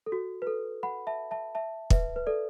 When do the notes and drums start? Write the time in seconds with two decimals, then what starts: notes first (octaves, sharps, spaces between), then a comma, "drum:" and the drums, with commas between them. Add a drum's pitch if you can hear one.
0.06 A4
0.12 F#4
0.42 B4
0.47 A4
0.83 F#5 B5
1.07 E5 A5
1.31 E5 A5
1.55 E5 A5
1.90 B4 E5, drum: kick
2.16 B4
2.27 A4 D5